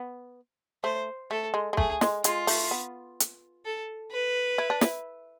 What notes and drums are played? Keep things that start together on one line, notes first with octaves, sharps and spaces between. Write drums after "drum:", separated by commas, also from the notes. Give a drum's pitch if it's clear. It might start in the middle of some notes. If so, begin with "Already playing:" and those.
Already playing: B3
A3 C5
A3 A4
G#3
G#3
A3 G#4, drum: kick
G#3, drum: snare
G#3 F4, drum: hi-hat
A3, drum: open hi-hat
B3
drum: hi-hat
A4
B4
E4
D4
E4, drum: snare